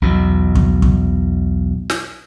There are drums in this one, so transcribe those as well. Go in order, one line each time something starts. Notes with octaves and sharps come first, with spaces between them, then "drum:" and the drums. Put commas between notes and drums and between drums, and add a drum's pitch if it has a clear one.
B1 E2 B2
drum: kick
drum: kick
drum: snare